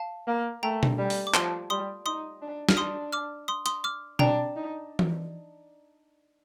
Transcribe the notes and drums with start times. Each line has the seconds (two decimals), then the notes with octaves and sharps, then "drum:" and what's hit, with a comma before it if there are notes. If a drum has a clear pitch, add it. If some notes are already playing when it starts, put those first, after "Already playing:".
Already playing: F5 A5
0.27 A#3
0.63 A3 G5 A#5
0.83 drum: tom B2
0.98 G3
1.10 drum: open hi-hat
1.27 D6
1.34 F3 A5 C6, drum: clap
1.70 G3 C6 D#6
2.06 D#4 C6 D#6
2.42 D4
2.69 F6, drum: snare
2.77 D4 C6 D#6
3.13 D6 F6
3.48 C6 D#6
3.66 C6 D#6, drum: hi-hat
3.84 D6 F6
4.19 D4 G5 A#5, drum: tom B2
4.56 D#4
4.99 drum: tom E3